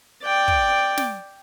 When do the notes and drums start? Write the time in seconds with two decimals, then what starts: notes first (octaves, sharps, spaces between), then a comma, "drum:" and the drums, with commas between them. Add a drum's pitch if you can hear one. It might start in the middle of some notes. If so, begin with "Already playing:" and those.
0.23 D5 G5
0.48 drum: kick
0.97 drum: snare